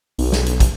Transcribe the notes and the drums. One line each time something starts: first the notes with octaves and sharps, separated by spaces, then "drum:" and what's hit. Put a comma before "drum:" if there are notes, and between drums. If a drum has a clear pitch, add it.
B1, drum: open hi-hat
drum: snare
drum: hi-hat
drum: kick, hi-hat